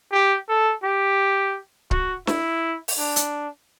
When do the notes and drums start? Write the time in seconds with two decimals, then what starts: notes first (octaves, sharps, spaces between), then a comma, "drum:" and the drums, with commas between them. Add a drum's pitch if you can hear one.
0.12 G4
0.49 A4
0.84 G4
1.91 F#4, drum: kick C#1
2.27 E4, drum: snare
2.88 drum: open hi-hat
2.98 D4
3.16 drum: hi-hat